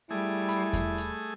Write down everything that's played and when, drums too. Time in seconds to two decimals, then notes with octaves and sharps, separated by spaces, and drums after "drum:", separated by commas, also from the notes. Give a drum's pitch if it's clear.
0.10 G3 A3 E4 G#4
0.49 B5, drum: hi-hat
0.73 drum: kick E2, hi-hat
0.98 drum: hi-hat